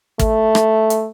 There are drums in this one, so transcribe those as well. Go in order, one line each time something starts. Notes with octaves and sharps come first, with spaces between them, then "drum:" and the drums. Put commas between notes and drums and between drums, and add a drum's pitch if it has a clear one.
A3, drum: kick, hi-hat
drum: rim click
drum: hi-hat